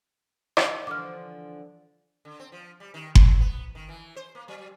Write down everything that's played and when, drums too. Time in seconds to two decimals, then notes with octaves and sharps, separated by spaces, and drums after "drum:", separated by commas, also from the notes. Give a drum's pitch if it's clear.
0.57 drum: rim click
0.87 D3 E3 F3 D6 F6
2.25 D3
2.40 C4
2.52 F3
2.80 G3
2.94 D#3
3.15 F#3, drum: kick F#1
3.40 B3
3.75 D#3
3.89 E3
4.16 C5
4.35 A#3
4.48 F#3